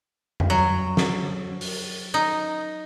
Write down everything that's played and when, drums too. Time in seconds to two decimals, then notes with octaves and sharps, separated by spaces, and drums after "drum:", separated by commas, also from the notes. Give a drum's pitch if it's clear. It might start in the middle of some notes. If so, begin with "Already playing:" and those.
0.40 drum: tom F2
0.50 F#3
0.97 drum: snare
1.61 drum: open hi-hat
2.14 D#4